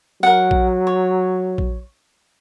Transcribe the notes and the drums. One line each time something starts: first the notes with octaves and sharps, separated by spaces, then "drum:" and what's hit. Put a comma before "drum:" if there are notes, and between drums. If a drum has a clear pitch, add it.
F#3 A#4 F#5
drum: kick A#1
C#5
drum: kick A#1